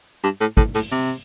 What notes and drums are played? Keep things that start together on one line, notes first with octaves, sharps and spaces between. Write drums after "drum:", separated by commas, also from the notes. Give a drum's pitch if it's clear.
G2
A2
A2, drum: kick
A2, drum: open hi-hat
C3